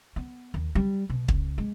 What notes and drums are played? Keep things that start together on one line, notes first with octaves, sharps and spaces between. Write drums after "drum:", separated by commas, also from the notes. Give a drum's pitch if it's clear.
B3
D#2
G3
B2
C#2, drum: kick
G#3